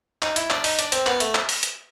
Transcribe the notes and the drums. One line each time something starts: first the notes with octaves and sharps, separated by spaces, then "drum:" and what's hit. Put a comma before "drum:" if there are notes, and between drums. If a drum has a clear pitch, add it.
D#4, drum: clap
E4, drum: hi-hat
D4, drum: clap
D#4, drum: open hi-hat
D4, drum: hi-hat
C4, drum: hi-hat
B3, drum: clap
A3, drum: hi-hat
drum: clap
drum: open hi-hat
drum: hi-hat